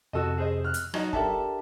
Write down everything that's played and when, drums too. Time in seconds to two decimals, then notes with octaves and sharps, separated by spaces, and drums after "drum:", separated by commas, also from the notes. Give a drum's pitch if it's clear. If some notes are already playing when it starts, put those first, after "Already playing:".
0.13 F2 C3 F#4 A4 D#5 E6
0.38 G#4 C5 D#5
0.64 F6 F#6
0.74 drum: hi-hat
0.94 F#3 D#4 F#4 D#5, drum: rim click
1.13 D4 G4 A4 A#4 E5 A5, drum: kick